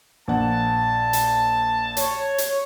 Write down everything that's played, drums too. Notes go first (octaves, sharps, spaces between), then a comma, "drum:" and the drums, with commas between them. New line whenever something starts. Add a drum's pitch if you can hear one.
A#1 F#5 A5
drum: hi-hat
C#5, drum: hi-hat
drum: hi-hat